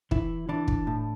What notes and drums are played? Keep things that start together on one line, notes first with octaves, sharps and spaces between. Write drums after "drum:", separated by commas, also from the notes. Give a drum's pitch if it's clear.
E3 E4, drum: kick
E3 D4
drum: kick
A2